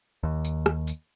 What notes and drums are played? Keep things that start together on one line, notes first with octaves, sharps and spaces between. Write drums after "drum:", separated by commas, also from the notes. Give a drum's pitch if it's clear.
D#2
drum: tambourine
drum: rim click
drum: tambourine